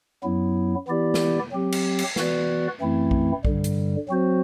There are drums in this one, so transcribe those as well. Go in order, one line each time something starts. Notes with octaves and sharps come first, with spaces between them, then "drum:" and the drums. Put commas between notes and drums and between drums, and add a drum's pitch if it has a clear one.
F#2 F#3 B3 E4
E3 B3 E4 G4 D5
drum: snare
F#3 C4 G4
drum: cymbal
drum: cymbal
E3 B3 F#4 B4 D5, drum: snare
F#2 E3 A3 C4 E4
drum: kick B1
G2 D3 G3, drum: kick B1
drum: hi-hat
F#3 C4 F#4 C5